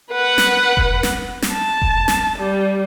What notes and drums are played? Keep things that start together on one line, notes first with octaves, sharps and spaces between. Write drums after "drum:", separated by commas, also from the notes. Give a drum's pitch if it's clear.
B4 F#5
drum: snare
drum: kick F1
drum: snare
drum: snare
A5
drum: kick F1
drum: snare
G3